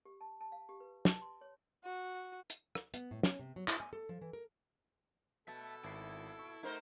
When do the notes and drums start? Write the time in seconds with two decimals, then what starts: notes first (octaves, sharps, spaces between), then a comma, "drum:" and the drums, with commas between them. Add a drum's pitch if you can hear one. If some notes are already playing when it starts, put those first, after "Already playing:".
0.05 G4
0.21 A5
0.41 A5
0.52 F5
0.69 G4
0.80 B4
1.05 A5, drum: snare
1.22 C6
1.41 C#5
1.84 F#4
2.50 drum: hi-hat
2.75 drum: rim click
2.94 B3, drum: hi-hat
3.11 A2
3.23 C#4, drum: snare
3.39 C3
3.56 F#3
3.68 E4, drum: clap
3.80 G#5
3.93 A4
4.09 F3
4.21 E3
4.33 A#4
5.48 B2 A4 E5 A5
5.84 G#1 E4 C7
6.39 C#6
6.63 A3 D#4 F#4 A#4 C5